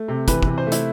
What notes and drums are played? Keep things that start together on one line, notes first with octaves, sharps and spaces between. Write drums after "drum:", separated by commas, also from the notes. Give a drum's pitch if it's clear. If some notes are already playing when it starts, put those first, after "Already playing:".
Already playing: A3
C3
E3 B4, drum: kick, hi-hat
C3 B4, drum: kick
C5
A3
E4, drum: hi-hat